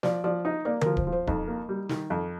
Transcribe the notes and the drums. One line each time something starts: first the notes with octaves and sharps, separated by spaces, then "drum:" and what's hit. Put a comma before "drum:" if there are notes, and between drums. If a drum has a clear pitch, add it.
F3 D5, drum: snare
F3 D5
D#4 D#5
A#3 D5
F3 A#4, drum: tom D3
C5, drum: kick D1
F3
C5
F2 D#4, drum: kick D1
A#3
G3
D#3, drum: snare
F2